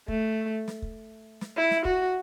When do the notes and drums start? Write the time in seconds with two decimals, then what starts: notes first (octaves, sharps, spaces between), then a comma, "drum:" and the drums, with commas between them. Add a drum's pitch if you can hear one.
0.08 A3, drum: kick
0.68 drum: snare
0.82 drum: kick
1.41 drum: snare
1.57 E4
1.71 drum: snare
1.85 F#4, drum: kick